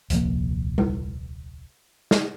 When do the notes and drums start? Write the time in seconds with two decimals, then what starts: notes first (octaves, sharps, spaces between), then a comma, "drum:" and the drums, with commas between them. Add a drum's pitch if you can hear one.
0.10 D#1 C2 F3 A#3, drum: hi-hat
0.78 drum: tom G3
2.11 drum: snare